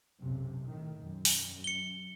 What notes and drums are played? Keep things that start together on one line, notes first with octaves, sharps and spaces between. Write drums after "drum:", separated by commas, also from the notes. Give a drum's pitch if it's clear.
B1 F#2 C3
A2 D#3
F#2
drum: open hi-hat
C#7 G7